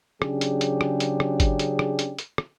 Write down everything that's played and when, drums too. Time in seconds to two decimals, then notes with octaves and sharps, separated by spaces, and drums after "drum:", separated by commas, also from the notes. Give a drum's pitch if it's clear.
0.22 C#3 F#3 C#4 D4 G4 G#4, drum: rim click
0.41 drum: hi-hat
0.61 drum: hi-hat
0.81 drum: rim click
1.00 drum: hi-hat
1.20 drum: rim click
1.40 drum: kick G1, hi-hat
1.59 drum: hi-hat
1.79 drum: rim click
1.99 drum: hi-hat
2.19 drum: hi-hat
2.38 drum: rim click